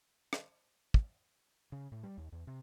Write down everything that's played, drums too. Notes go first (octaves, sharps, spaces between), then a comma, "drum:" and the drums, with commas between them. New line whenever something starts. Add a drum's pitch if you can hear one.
drum: rim click
drum: kick
C#3
A2
G3
D#2
E2
C3